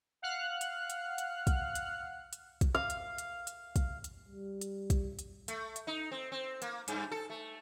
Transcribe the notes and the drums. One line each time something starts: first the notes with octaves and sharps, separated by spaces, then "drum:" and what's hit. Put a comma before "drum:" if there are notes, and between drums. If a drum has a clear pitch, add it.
F5 F#5 F6 F#6
drum: hi-hat
drum: hi-hat
drum: hi-hat
drum: kick, hi-hat
drum: hi-hat
drum: hi-hat
drum: kick, hi-hat
F5
drum: hi-hat
drum: hi-hat
drum: hi-hat
drum: kick, hi-hat
drum: hi-hat
G3
drum: hi-hat
drum: kick, hi-hat
drum: hi-hat
A3, drum: hi-hat
drum: hi-hat
D#4
C4
C4
A#3, drum: hi-hat
G2, drum: hi-hat
A4
A3